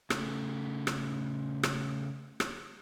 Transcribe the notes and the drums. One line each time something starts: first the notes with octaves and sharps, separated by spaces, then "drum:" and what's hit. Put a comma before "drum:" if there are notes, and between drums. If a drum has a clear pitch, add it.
C#3 A3, drum: rim click
drum: rim click
drum: rim click
drum: rim click